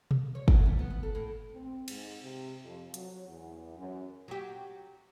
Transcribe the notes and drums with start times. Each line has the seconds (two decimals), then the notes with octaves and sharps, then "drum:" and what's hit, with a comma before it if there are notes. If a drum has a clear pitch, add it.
0.11 drum: tom B2
0.35 C#5
0.48 F#3, drum: kick
0.66 G3
0.79 B3
0.90 B3
1.03 A4
1.15 A2
1.54 C4
1.88 G#2, drum: cymbal
2.22 C3
2.64 F2
2.94 F#3, drum: hi-hat
3.28 E2
3.77 F#2
4.28 F#3 G4